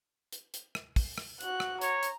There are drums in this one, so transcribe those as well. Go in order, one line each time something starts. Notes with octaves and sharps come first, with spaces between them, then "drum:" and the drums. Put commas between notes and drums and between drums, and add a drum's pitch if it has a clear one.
drum: hi-hat
drum: hi-hat
drum: rim click
drum: kick, open hi-hat
drum: rim click
F#4 F#6, drum: hi-hat
drum: rim click
C#5 A#5, drum: hi-hat
drum: hi-hat